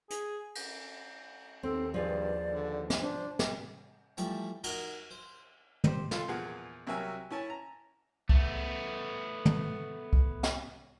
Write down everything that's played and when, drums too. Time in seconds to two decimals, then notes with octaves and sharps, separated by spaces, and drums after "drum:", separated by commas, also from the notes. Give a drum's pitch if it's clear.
0.10 G#4, drum: hi-hat
0.55 drum: cymbal
1.63 D#2 C4 A4
1.94 G2 F3 G#4 B4 D5
2.52 D3
2.90 drum: snare
3.01 D4 C5
3.39 drum: snare
4.17 E3 F3 G3 A3, drum: hi-hat
4.64 D#4 F#4 A#4 G#5, drum: cymbal
5.11 C5
5.84 G4 C5, drum: tom
6.11 F4 A4 A5 C6, drum: snare
6.28 E2 A#2 F3 G#4 F#5
6.87 C2 F#3 A#3 E5 G#5
7.30 C#4 E4 G#5 A5
7.50 A#5
8.29 A3 B3, drum: kick C2
9.45 drum: tom
10.13 drum: kick C2
10.43 drum: snare